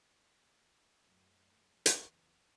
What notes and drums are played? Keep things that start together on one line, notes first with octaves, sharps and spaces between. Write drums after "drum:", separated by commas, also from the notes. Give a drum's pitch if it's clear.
F#2 F#3 A3
F#1 E2, drum: hi-hat